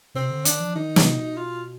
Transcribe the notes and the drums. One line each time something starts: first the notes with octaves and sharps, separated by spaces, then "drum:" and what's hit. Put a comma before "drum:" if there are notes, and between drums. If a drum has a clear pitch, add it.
C3 C4
D3
D#3 D4, drum: hi-hat
F3
D#3 D#4
C3, drum: snare
B2
F4